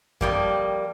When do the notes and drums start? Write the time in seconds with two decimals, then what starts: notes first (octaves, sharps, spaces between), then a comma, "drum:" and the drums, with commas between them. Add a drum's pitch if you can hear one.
0.21 F2 G3 A#3, drum: kick F#2